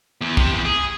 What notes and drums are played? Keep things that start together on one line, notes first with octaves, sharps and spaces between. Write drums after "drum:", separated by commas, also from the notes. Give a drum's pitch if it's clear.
E2
C3, drum: kick
E2
G#4